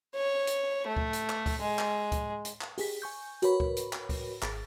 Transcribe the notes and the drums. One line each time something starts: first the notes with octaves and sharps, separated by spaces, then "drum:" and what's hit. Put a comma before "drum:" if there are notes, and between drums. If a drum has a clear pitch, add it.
C#5
drum: hi-hat
A3
drum: kick C#2
drum: hi-hat
drum: clap
drum: kick C#2, open hi-hat
G#3
drum: clap
drum: kick C#2, hi-hat
drum: hi-hat
drum: clap
G4 G#4 B6, drum: open hi-hat
G#5 C#6 G6
F#4 A#4 B4 C#5 B5, drum: hi-hat
drum: kick C#2
drum: hi-hat
drum: clap
drum: kick C#2, open hi-hat
G#1 A6, drum: clap